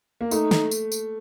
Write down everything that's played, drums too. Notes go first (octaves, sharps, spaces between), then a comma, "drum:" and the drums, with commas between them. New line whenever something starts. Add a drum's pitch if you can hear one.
A#3
A3 D#4, drum: tambourine
drum: snare
drum: tambourine
drum: tambourine